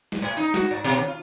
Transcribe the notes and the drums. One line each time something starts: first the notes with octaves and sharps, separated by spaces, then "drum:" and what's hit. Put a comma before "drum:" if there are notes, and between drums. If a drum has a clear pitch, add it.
drum: snare
A2
D#4
F#4, drum: snare
G#2
B2
D#2
F4